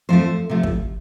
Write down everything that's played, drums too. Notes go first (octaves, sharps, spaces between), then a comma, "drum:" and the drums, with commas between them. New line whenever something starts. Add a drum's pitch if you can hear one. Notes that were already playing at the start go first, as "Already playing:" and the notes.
F2 F3 A3 C5
C3 F3 A3
drum: kick